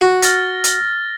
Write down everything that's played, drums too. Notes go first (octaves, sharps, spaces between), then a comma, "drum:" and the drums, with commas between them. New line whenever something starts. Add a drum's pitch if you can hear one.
F#4
F6 A6 A#6, drum: hi-hat
drum: hi-hat